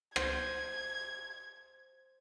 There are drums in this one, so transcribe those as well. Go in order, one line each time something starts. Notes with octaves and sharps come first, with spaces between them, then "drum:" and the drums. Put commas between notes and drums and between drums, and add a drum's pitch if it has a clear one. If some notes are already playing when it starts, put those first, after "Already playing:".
C5 G#6, drum: rim click